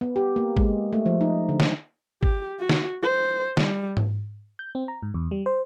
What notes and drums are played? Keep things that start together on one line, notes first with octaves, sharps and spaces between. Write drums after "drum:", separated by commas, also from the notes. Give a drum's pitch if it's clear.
B3
G4
A#3
G#3, drum: kick
A3
F3
D#4
D3
drum: snare
G4, drum: kick
F#4
drum: snare
C5
G3, drum: snare
drum: tom G#2
G6
C4
A#5
G#2
E2
G3
C5